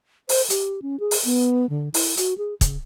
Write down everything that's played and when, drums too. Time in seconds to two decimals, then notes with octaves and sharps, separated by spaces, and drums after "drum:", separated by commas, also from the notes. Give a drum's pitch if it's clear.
0.29 C5, drum: open hi-hat
0.50 G4, drum: hi-hat
0.82 C#4
1.00 G#4
1.11 drum: open hi-hat
1.25 B3
1.70 D3
1.94 E4, drum: open hi-hat
2.17 F#4, drum: hi-hat
2.38 G#4
2.61 C#3, drum: kick, hi-hat